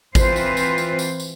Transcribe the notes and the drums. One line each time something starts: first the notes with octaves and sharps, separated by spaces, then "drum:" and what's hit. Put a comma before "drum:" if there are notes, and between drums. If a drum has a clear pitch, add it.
E3 C4 F4 B4 C5, drum: kick G#1, tambourine
drum: tambourine
drum: tambourine
drum: tambourine
drum: tambourine
drum: tambourine